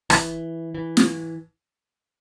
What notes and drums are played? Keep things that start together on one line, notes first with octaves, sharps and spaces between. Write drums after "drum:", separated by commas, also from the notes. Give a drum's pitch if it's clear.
E3, drum: rim click
E3
drum: snare